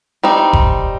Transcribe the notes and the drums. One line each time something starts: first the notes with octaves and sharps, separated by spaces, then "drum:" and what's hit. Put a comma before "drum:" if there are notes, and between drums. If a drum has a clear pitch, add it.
G3 C4 D#4
drum: kick F1